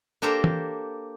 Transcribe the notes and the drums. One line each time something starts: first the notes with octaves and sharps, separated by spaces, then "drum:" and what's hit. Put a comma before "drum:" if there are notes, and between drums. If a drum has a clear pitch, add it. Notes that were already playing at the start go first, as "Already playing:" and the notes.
A#3 D4 G4 A4 C5 A#5
drum: tom E3